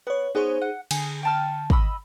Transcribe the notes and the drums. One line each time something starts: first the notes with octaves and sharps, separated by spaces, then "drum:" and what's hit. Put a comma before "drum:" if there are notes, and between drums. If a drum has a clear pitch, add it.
B3 B4 C#5
B3 D#4 G#4 C5 C#5
F#5
D3 G#4, drum: cymbal
G5 A5 F6
D#5 B5 E6, drum: kick